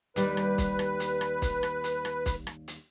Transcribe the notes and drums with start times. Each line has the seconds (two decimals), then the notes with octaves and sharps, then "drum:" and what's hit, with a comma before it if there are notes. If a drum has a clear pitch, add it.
0.16 D#2 G3 B4, drum: hi-hat
0.37 drum: rim click
0.58 drum: kick, hi-hat
0.79 drum: rim click
1.00 drum: hi-hat
1.21 drum: rim click
1.42 drum: kick, hi-hat
1.63 drum: rim click
1.84 drum: hi-hat
2.05 drum: rim click
2.26 drum: kick, hi-hat
2.47 drum: rim click
2.68 drum: hi-hat